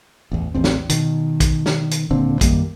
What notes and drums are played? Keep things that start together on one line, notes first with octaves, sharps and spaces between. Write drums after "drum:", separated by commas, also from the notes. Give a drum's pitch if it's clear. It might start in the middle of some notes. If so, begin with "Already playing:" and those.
A1 E2
A1 E2 C4
drum: snare
B2 D#3, drum: hi-hat
drum: kick, hi-hat
drum: snare
drum: hi-hat
D#1 A#2 D3 C4
F#2 D#3 G3 A#3, drum: kick, hi-hat